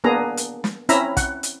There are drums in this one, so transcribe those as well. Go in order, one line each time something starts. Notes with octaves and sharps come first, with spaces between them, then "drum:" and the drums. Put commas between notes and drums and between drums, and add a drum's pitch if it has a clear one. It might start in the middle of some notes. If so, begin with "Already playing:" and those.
A#3 B3 D4 G#4 A#5
drum: hi-hat
drum: snare
C4 C#4 E4 E5 A#5 B5, drum: hi-hat
F#5, drum: kick, hi-hat
drum: hi-hat